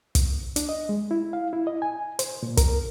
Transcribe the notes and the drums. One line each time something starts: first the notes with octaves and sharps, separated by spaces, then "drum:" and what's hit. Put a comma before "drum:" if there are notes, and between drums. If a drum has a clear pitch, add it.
drum: kick, hi-hat
D4, drum: hi-hat
D#5
G#3
E4
F5
E4
D#5
G#5
C5, drum: hi-hat
A#2
A#4, drum: kick, hi-hat